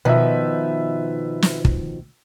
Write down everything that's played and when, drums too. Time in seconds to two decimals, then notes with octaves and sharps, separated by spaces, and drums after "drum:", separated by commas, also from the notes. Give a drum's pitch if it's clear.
0.05 B2 D#3 F3 B4 E5
1.42 drum: snare
1.65 drum: kick